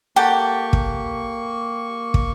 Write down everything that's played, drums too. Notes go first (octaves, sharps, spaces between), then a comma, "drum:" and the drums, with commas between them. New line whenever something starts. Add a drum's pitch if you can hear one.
A#3 G4 A4 F#5 A#5 C#6
drum: kick
drum: kick